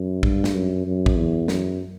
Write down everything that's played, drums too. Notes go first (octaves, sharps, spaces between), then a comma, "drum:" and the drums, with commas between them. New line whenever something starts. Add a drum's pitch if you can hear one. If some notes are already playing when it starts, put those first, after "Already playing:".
Already playing: F#2
G2, drum: kick
drum: snare
F#2
F#2
drum: kick
E2
F#2, drum: snare